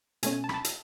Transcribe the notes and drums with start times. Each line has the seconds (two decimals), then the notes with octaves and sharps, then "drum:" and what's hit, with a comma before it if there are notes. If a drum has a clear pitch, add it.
0.23 B2 A3 C#4 G#5, drum: hi-hat
0.33 G#5
0.44 A5
0.49 B5, drum: rim click
0.54 A5
0.65 drum: hi-hat